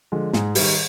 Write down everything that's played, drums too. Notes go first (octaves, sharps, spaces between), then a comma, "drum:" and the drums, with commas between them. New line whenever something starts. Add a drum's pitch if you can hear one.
D3 F3 G#3
G#2 G#4, drum: snare
D#3 G3, drum: open hi-hat